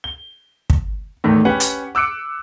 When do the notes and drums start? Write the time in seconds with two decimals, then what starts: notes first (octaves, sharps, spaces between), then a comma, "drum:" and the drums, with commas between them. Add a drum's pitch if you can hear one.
0.04 G7
0.70 drum: kick
1.24 E2 A2 D#3 A3
1.45 C#4 G4 B4 F#5
1.60 drum: hi-hat
1.95 D6 E6 F#6 C#7 D7